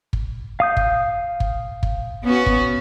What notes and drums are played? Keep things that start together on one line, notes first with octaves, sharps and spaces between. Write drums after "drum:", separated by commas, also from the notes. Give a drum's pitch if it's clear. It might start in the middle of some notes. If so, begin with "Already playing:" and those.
drum: kick
F5 D#6 G6
drum: kick
drum: kick
drum: kick
B3 C#4 F#4
drum: kick